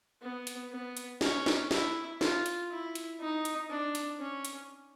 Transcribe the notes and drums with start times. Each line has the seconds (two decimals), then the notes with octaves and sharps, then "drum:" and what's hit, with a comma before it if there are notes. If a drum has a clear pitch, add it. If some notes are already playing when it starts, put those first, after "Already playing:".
0.22 B3
0.47 drum: hi-hat
0.71 B3
0.97 drum: hi-hat
1.21 C#4, drum: snare
1.46 drum: snare
1.71 E4, drum: snare
2.21 F4, drum: snare
2.46 drum: hi-hat
2.71 E4
2.95 drum: hi-hat
3.21 D#4
3.45 drum: hi-hat
3.70 D4
3.95 drum: hi-hat
4.20 C#4
4.45 drum: hi-hat